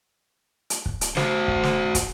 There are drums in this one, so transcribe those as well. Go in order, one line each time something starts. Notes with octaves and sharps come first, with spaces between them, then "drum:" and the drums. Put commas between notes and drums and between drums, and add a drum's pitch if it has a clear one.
drum: hi-hat
drum: kick
drum: hi-hat
F#4 C5, drum: snare
drum: kick
drum: snare
drum: kick, hi-hat